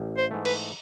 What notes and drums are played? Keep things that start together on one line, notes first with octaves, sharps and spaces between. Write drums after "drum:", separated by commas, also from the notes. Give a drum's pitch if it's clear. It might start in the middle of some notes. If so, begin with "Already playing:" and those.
Already playing: A1
C5
G#2 E3 A3
B4, drum: cymbal